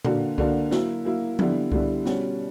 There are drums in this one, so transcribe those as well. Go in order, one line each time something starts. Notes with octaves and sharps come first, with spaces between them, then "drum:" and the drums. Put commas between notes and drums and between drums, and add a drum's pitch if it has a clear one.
D3 A#3 D4 F#4, drum: tom A#2
D3 A#3 D4 F#4, drum: kick C2
F#3 A#3 E4, drum: snare
F#3 A#3 E4
D3 G3 B3 E4, drum: tom F3
D3 G3 B3 E4, drum: kick C2
B2 G3 C#4 F#4, drum: snare